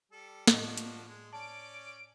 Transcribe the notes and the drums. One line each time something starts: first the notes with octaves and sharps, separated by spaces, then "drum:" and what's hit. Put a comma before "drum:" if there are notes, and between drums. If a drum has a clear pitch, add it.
G3 A4
A2 F3 D4 F#4 D#5, drum: snare
drum: hi-hat
G#3
C#4 D5 A5 D7